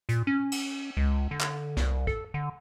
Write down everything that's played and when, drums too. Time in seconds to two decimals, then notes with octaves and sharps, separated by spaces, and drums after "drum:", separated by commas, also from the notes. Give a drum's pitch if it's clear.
0.09 A#2, drum: hi-hat
0.27 C#4
0.52 drum: cymbal
0.97 C#2
1.31 D3
1.40 drum: clap
1.77 C2, drum: snare
2.07 A4, drum: kick
2.34 D3